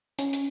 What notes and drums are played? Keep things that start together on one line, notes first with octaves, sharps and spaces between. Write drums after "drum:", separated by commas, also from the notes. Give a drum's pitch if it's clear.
C#4, drum: hi-hat
drum: hi-hat